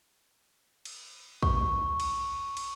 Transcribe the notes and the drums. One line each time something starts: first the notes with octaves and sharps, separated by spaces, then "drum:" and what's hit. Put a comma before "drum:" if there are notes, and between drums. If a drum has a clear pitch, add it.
drum: cymbal
C#6, drum: kick
drum: cymbal
drum: cymbal